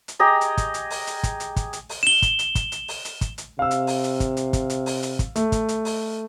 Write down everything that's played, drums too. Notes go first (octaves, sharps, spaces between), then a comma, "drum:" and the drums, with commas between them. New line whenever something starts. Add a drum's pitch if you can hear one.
drum: hi-hat
G4 G#4 D#5 A#5
drum: hi-hat
drum: kick, hi-hat
drum: hi-hat
drum: open hi-hat
drum: hi-hat
drum: kick, hi-hat
drum: hi-hat
drum: kick, hi-hat
drum: hi-hat
drum: open hi-hat
E7 G7
drum: kick, hi-hat
drum: hi-hat
drum: kick, hi-hat
drum: hi-hat
drum: open hi-hat
drum: hi-hat
drum: kick, hi-hat
drum: hi-hat
C3 F5 E6
drum: hi-hat
drum: open hi-hat
drum: hi-hat
drum: kick, hi-hat
drum: hi-hat
drum: kick, hi-hat
drum: hi-hat
drum: open hi-hat
drum: hi-hat
drum: kick, hi-hat
A3, drum: hi-hat
drum: kick, hi-hat
drum: hi-hat
drum: open hi-hat